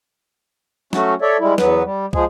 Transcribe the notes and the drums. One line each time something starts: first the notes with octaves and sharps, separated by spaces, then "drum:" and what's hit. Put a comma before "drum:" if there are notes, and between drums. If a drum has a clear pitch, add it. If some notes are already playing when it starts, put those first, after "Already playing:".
F#3 A3 C#4 F#4, drum: snare
A4 C#5 D5 E5
G3 G#3 E4
E2 F#3 B3 B4, drum: snare
G3
F3 G#3 G#4, drum: kick